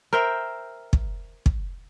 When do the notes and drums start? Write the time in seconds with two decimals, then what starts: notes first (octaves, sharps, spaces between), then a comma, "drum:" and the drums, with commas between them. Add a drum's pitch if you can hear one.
0.13 A#4 C5 E5 G5
0.93 drum: kick
1.46 drum: kick